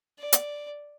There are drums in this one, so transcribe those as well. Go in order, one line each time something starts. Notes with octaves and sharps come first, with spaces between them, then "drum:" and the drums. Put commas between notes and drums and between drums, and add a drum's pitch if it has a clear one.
D5
drum: hi-hat